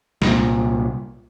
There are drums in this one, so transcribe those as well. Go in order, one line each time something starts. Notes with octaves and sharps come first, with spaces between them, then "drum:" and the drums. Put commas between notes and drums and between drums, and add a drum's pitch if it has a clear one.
C2 A#2, drum: snare